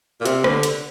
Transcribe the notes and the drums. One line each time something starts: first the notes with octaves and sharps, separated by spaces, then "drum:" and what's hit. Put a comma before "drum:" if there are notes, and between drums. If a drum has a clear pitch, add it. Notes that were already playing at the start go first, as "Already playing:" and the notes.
A#2
C3, drum: hi-hat
D3, drum: rim click
drum: hi-hat